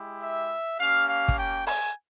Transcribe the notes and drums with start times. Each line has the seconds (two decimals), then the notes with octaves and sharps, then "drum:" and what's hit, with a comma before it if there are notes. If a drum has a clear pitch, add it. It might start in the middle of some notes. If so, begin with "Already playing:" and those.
Already playing: G#3 E4 G4
0.23 E5
0.80 A#3 C#4 G4 F5
1.09 F5
1.28 drum: kick
1.38 G5
1.67 G#5, drum: open hi-hat